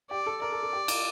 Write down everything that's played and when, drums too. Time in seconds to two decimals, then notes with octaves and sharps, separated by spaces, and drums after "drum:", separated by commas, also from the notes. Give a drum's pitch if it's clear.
0.10 G4 D5
0.26 A4
0.42 A#4 D5
0.52 A4
0.63 A4
0.73 G4
0.88 F4, drum: cymbal